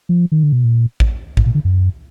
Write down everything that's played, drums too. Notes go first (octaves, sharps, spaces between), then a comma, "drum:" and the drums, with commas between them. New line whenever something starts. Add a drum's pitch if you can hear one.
F3
D#3
D3
B2
A#2
drum: kick A1
G#2, drum: kick A1
A#2
D3
F#2